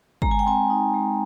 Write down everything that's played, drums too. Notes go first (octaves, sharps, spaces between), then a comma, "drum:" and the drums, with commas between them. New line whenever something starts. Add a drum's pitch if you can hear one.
G#3 A#5, drum: kick
G#5
G5
C4 G#5
D#4
G#3